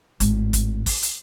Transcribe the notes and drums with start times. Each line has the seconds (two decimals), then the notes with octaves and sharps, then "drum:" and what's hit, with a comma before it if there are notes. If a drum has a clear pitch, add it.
0.20 G#1 A2, drum: hi-hat
0.53 drum: kick, hi-hat
0.86 drum: kick, open hi-hat
1.03 drum: hi-hat